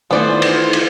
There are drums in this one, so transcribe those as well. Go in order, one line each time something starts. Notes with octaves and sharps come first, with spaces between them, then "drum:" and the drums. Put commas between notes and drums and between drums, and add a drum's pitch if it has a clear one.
D#3 E3 A3 B3 F4 C5 D5
drum: cymbal
drum: cymbal